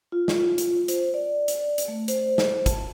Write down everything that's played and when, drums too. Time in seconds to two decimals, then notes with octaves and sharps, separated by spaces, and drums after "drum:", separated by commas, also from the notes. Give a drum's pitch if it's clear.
0.12 F4
0.28 drum: snare
0.58 drum: hi-hat
0.88 C5, drum: hi-hat
1.14 D5
1.48 drum: hi-hat
1.78 drum: hi-hat
1.88 A3
2.08 C5, drum: hi-hat
2.38 drum: snare
2.66 A5, drum: kick, hi-hat